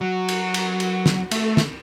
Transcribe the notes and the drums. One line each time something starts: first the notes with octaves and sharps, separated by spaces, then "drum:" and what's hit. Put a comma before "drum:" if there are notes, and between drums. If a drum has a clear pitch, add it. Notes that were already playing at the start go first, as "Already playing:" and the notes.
F#3 F#4
drum: cymbal
drum: cymbal
drum: cymbal
drum: snare
A3, drum: cymbal
drum: snare